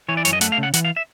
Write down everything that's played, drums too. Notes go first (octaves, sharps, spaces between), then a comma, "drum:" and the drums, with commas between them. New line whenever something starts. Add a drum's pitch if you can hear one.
E3 C#5
D5
F#2 C#5, drum: hi-hat
D#5
A3 F#5, drum: hi-hat
F5
C#3
F#5
E3 F#5, drum: hi-hat
F5
E5